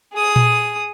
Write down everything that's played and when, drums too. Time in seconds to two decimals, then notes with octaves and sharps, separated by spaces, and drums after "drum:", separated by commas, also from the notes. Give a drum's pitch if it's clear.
0.13 G#4 D#6
0.36 drum: tom A#2